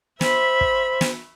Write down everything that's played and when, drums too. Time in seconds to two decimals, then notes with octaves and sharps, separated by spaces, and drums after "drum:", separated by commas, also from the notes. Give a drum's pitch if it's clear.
0.21 C5 E5 B5, drum: snare
0.61 drum: kick
1.01 drum: snare